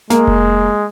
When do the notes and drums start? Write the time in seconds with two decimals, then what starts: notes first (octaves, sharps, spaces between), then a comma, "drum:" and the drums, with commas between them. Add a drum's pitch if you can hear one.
0.10 G#3 A#3, drum: snare
0.27 drum: kick F1